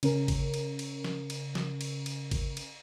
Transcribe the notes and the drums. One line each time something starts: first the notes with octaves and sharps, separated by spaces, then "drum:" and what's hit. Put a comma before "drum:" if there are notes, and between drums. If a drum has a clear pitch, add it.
C#3 C#4 A#4, drum: cymbal
drum: kick, cymbal
drum: cymbal
drum: cymbal
drum: snare
drum: cymbal
drum: snare
drum: cymbal
drum: cymbal
drum: kick, cymbal
drum: cymbal